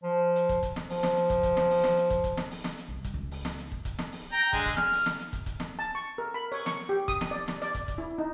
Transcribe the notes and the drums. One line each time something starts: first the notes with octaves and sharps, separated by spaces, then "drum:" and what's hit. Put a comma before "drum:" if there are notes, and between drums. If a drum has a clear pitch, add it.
F3
drum: hi-hat
drum: kick, hi-hat
drum: kick, hi-hat
drum: snare
F3, drum: open hi-hat
drum: snare
drum: hi-hat
drum: kick, hi-hat
drum: kick, hi-hat
drum: snare
drum: open hi-hat
drum: snare
drum: hi-hat
drum: kick, hi-hat
drum: kick, hi-hat
drum: snare
drum: open hi-hat
drum: snare
drum: hi-hat
C2
drum: kick, hi-hat
C#2
drum: open hi-hat
drum: snare
drum: hi-hat
drum: kick
drum: kick, hi-hat
drum: snare
drum: open hi-hat
G5 A#5
D3 G#3 G#5, drum: kick, hi-hat
drum: kick, hi-hat
F6, drum: snare
drum: open hi-hat
drum: snare
drum: hi-hat
drum: kick, hi-hat
drum: kick, hi-hat
drum: snare
A5
C#6
A#4
B5
C#5, drum: open hi-hat
C#6, drum: snare
G4
D#6, drum: kick, hi-hat
drum: snare
D5
drum: snare
D5, drum: hi-hat
drum: kick, hi-hat
drum: kick, hi-hat
E4
D#4